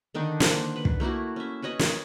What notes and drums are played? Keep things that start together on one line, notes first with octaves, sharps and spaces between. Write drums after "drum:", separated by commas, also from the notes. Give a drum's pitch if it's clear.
D3 D#3 D4 D#4
A#3 C5 F#5, drum: snare
B4
drum: kick
A3 A#3 E4 F#4
C#4 E5
F#4 B4 C#5 D#5
drum: snare